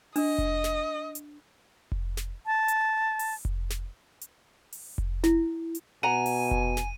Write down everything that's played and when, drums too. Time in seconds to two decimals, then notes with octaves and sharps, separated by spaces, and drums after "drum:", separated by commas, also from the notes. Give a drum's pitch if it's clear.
0.16 D4 D#5, drum: open hi-hat
0.38 drum: kick F1
0.64 drum: snare
1.15 drum: hi-hat
1.92 drum: kick F1
2.17 drum: snare
2.46 A5
2.68 drum: hi-hat
3.19 drum: open hi-hat
3.45 drum: kick F1
3.70 drum: snare
4.21 drum: hi-hat
4.72 drum: open hi-hat
4.98 drum: kick F1
5.24 E4, drum: snare
5.75 drum: hi-hat
6.03 B2 F#5 G#5 A#5 D#7
6.26 drum: open hi-hat
6.51 drum: kick F1
6.77 drum: snare